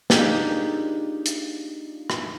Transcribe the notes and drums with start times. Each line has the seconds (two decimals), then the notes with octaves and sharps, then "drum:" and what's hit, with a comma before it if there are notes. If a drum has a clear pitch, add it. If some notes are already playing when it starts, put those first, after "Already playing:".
0.10 A#3 D4 D#4 F4 G4 G#4, drum: snare
1.26 drum: hi-hat
2.10 drum: rim click